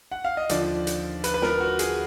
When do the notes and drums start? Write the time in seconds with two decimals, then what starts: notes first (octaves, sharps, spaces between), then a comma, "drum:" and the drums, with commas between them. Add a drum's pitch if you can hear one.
0.12 F#5
0.25 F5
0.37 D#5
0.49 D#2 D3 F3 D5, drum: hi-hat
0.87 drum: hi-hat
1.24 B4, drum: hi-hat
1.34 B4
1.42 A#4, drum: snare
1.60 F#4
1.79 G#4, drum: hi-hat